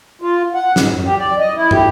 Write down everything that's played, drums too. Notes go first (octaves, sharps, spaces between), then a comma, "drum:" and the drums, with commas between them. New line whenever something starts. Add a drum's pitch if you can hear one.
F4
F#5
G#2, drum: snare
F#2
G4
D5
D#5
E4
G4, drum: tom